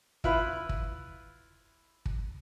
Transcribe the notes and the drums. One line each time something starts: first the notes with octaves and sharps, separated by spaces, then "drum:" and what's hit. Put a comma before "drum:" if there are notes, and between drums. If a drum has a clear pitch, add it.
E4 F4 B4 B5, drum: kick
drum: kick
drum: kick